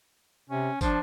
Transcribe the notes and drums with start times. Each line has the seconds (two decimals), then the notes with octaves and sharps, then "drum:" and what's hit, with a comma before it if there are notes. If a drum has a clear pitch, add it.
0.50 C3 C#4
0.81 F3 D4, drum: kick, tambourine